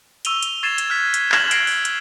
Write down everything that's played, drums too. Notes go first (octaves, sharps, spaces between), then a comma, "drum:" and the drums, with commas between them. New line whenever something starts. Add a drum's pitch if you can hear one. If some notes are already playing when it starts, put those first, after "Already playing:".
C#6 E6 D#7 F7 G7, drum: hi-hat
drum: hi-hat
C#6 G#6 A6 C7 D#7 E7
drum: hi-hat
F6 F#6 G#6 B6
drum: hi-hat
F6 G#6 A#6 E7 F#7, drum: clap
F#6 G#6 A#6 C7 D7, drum: hi-hat
drum: open hi-hat
drum: hi-hat